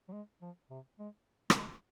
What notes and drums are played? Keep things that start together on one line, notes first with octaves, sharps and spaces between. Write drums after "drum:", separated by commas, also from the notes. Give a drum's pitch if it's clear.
F#3
G#3
F3
C3
G#3
A#3, drum: rim click
G#3